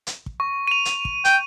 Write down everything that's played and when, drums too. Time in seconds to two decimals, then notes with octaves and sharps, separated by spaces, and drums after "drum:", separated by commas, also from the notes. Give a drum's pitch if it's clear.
0.07 drum: hi-hat
0.26 drum: kick
0.40 C#6
0.67 D#7 F7
0.85 drum: hi-hat
1.05 drum: kick
1.25 G5, drum: hi-hat